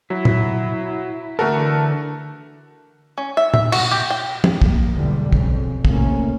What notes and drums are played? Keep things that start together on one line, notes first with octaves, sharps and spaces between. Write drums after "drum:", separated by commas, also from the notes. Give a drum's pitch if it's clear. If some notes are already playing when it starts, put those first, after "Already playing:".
F#3 E4
drum: tom
D3 E3 A3 F#4 A4 A#4 A5
C#4
E5
E5, drum: tom
F#4, drum: cymbal
G4
G5
drum: tom
A#3, drum: kick
B1 E2 B2 D3 G3
F2 C#3, drum: kick
D2 A2 C3 A#3 C#4, drum: kick